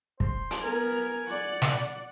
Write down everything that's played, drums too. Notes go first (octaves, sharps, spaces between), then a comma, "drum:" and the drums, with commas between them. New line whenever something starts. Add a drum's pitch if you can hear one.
C5, drum: kick
drum: hi-hat
B3 A#4 G#5
D5 F#5
drum: snare